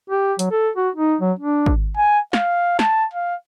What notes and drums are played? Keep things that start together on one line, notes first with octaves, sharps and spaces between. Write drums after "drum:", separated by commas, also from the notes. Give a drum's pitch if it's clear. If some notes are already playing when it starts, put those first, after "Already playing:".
G4
F#3, drum: hi-hat
A4
F#4
D#4
F#3
D4
drum: kick
G#5
F5, drum: snare
A5, drum: snare
F5